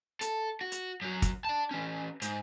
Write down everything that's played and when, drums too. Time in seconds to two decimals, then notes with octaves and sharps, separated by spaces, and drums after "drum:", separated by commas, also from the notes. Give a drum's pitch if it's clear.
0.21 A4, drum: hi-hat
0.61 F#4
0.72 drum: hi-hat
1.02 F#2 F#3
1.22 drum: kick, hi-hat
1.45 D5 A5
1.71 E3 C#4
2.22 G#2, drum: hi-hat